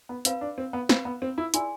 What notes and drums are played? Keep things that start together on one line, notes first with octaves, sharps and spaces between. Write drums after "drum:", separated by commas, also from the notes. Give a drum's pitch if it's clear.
B3
C4 B4 F5 B5, drum: hi-hat
D4
C4
B3
C4 B4 F5 B5, drum: snare
B3
C4
E4
E4 G#4 D5 G#5 C6, drum: hi-hat